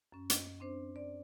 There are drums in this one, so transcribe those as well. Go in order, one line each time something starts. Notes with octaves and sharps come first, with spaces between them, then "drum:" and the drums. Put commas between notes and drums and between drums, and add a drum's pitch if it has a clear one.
F#2 C#4
D#5, drum: hi-hat
C4 D4 C5
D5